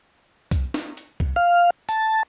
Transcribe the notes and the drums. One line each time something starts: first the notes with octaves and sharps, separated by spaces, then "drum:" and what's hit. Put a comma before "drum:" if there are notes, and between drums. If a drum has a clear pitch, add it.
drum: kick, hi-hat
drum: snare
drum: hi-hat
drum: kick
F5
A5, drum: hi-hat